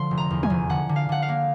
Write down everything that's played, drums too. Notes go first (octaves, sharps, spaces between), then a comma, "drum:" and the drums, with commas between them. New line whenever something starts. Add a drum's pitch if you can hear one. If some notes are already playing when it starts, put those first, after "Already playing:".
Already playing: D3 F3 C6
F1
A#5
E2
G#5, drum: tom
F1
D3 F#5
D3
F5
D3 F#5
F5
A#3